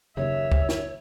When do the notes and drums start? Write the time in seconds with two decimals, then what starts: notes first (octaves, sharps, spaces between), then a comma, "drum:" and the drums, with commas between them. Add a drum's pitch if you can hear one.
0.17 F#1 D#2 C#3 C#5 E5
0.52 drum: kick
0.69 drum: snare